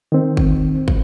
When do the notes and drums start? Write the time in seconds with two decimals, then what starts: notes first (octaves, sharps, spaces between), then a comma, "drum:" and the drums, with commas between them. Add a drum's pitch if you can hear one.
0.12 D#3 C4
0.37 drum: kick
0.88 drum: kick